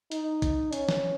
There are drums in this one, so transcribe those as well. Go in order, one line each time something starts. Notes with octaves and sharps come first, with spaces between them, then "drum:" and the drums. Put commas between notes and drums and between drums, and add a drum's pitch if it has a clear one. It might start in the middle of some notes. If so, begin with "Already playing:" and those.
D#4, drum: hi-hat
drum: kick A1, hi-hat
C#4, drum: hi-hat
drum: snare